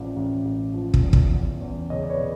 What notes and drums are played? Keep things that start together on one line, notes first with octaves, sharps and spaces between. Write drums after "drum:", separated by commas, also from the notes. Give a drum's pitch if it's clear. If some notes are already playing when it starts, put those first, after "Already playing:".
Already playing: A1 F3 D5
A1
A1
F3
drum: kick
E2
drum: kick
E2
E2
C#3 C#5 D#5
D5
B4 C#5
C#3